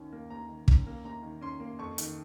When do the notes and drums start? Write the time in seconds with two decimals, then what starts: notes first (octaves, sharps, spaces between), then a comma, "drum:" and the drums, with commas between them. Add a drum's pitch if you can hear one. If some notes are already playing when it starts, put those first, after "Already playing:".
Already playing: D#2 D#3 C#4
0.12 A#3
0.30 D#2 A#5
0.49 D#3
0.68 C#4, drum: kick
0.87 A#3
1.05 D#2 A#5
1.23 D#3
1.41 C#4 C6
1.60 A#3
1.79 F2 C#6
1.98 D#3, drum: hi-hat